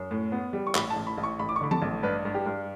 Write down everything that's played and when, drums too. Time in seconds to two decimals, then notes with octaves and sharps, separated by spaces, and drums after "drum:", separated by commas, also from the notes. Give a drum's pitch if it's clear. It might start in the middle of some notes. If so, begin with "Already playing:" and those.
Already playing: F#2
0.11 A2
0.32 B3
0.53 G3
0.67 C#6
0.75 A1 B5, drum: clap
0.90 A5
0.96 A1
1.07 B5
1.17 A1
1.23 C#6
1.39 A1 B5
1.49 D6
1.56 C#6
1.61 D3 B5
1.71 A5, drum: tom F3
1.82 A1
2.03 G2 B4
2.25 G2
2.35 G4
2.46 G2